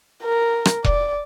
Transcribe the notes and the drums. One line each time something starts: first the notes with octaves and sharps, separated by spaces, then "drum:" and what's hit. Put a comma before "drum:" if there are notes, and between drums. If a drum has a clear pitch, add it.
A#4
drum: rim click
D5, drum: kick E1